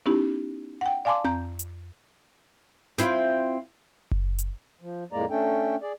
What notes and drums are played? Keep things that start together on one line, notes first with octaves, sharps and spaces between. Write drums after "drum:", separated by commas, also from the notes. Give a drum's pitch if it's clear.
B3 C#4 D#4 E4 G4
F#5 G5
D5 F5 G#5 A5 C6 D6
F2 A#5 G6, drum: tom C4
drum: hi-hat
C4 E4 F4, drum: snare
drum: kick F#1
drum: hi-hat
F3
F2 A2 G#3 A#3 D5 A#5
A3 C#4 D4 A4 G5
G#4 D5